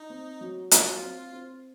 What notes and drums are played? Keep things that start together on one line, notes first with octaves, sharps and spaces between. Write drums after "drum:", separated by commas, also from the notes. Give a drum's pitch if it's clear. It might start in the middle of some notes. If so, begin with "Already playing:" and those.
Already playing: D#4
C4
F#3
F#3 F4, drum: hi-hat
C4
C4